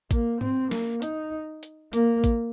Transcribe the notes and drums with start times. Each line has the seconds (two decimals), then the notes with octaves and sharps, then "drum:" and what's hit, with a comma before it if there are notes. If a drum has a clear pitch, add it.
0.11 A#3, drum: kick A1, hi-hat
0.41 C4, drum: tom G#2
0.71 A#3, drum: snare
1.02 D#4, drum: hi-hat
1.63 drum: hi-hat
1.93 A#3, drum: hi-hat
2.24 drum: kick A1, hi-hat